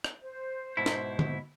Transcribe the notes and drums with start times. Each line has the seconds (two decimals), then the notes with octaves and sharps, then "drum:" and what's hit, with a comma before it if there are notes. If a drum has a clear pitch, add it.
0.04 drum: rim click
0.20 C5
0.77 G#2 B2 E4
0.86 drum: snare
1.19 drum: tom D3